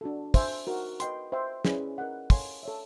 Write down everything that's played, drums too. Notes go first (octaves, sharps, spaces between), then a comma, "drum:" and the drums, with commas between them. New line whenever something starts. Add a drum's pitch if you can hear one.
D4 F#4 A4
C5 E5 G#5, drum: kick, open hi-hat
D#4 F#4 A#4
B4 D#5 G5 C6, drum: hi-hat
C5 E5 G5 C6
C#4 E4 G#4 B4 D5, drum: snare
A#4 D#5 F#5
A4 C#5 F5 G#5 C6, drum: kick, open hi-hat
A4 C#5 E5